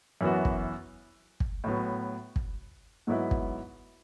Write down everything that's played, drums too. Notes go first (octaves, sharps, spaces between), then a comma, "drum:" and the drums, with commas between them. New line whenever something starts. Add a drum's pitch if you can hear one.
F#2 E3 B3 F#4
drum: kick
drum: kick
A2 F#3 B3
drum: kick
G#2 F#3 B3 E4 B4
drum: kick